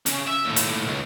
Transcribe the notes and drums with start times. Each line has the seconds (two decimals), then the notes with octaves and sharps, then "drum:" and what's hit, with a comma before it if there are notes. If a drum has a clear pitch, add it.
0.06 C#3 C#4, drum: hi-hat
0.27 E5
0.45 D#2 A2
0.56 drum: hi-hat
0.86 C#2